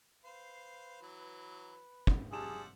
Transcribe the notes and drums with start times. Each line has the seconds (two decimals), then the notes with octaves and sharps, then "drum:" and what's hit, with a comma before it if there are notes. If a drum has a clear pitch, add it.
0.25 B4 C5 F5
1.02 E3 F#3
2.07 drum: kick
2.32 F3 G3 G#4 D5 E5 F#5 A5 E7